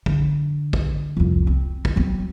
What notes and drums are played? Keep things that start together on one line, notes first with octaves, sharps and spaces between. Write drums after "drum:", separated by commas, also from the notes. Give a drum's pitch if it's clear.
D3, drum: kick
drum: kick
C2 F2
C4
drum: kick
F#3 C4